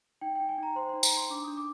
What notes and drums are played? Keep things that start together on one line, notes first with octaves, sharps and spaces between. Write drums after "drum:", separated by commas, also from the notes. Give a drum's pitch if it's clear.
D#4 G5
D#4 G5
G#5
D#4 A#5
C5 C6
D#4 C6
A#5, drum: tambourine
D#4
C6
D4 D6
D4 D#6
D6